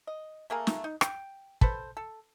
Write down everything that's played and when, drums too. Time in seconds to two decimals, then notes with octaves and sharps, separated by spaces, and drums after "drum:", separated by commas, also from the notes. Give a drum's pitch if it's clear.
0.07 D#5
0.50 A3 A#3 G#4 A#4
0.67 drum: snare
0.84 D#4
1.01 G5, drum: rim click
1.61 A4 B4 C5, drum: kick
1.97 A4